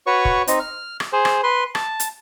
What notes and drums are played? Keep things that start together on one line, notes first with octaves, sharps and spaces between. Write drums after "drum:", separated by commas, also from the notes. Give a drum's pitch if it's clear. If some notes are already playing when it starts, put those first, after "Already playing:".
F#4 B4 C#5 C#6
drum: kick
C4 D#4, drum: hi-hat
F6
drum: rim click
G#4 C5
drum: rim click
B4 C6
A5, drum: rim click
drum: hi-hat